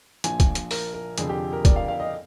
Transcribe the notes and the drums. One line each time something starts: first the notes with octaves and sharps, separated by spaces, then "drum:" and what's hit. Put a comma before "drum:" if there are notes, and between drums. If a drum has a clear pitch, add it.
A#1 A#2 F3 G#5, drum: hi-hat
drum: kick, hi-hat
drum: hi-hat
A#4, drum: open hi-hat
A#4
F1 F2 D3 F3 G#4, drum: hi-hat
G4
A#4
D5, drum: kick, hi-hat
F5
F5
D#5